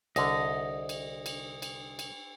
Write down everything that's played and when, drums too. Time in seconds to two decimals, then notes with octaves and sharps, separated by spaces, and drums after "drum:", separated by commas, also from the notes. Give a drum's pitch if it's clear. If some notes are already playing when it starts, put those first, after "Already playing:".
0.16 C2 D3 D#5, drum: cymbal
0.89 drum: cymbal
1.26 drum: cymbal
1.62 drum: cymbal
1.99 drum: cymbal